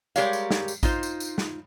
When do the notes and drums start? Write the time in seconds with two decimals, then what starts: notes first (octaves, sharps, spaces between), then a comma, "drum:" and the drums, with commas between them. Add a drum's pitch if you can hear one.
0.16 G3 G#3 G4 A#4 C#5 F5, drum: tambourine
0.33 drum: tambourine
0.51 drum: snare
0.68 drum: tambourine
0.83 D#4 F4 C5, drum: kick A1, tambourine
1.03 drum: tambourine
1.20 drum: tambourine
1.38 drum: snare